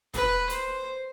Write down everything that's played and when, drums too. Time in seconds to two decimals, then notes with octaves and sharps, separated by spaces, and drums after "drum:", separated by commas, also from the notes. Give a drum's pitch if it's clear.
0.14 B4, drum: kick, hi-hat
0.50 C5, drum: hi-hat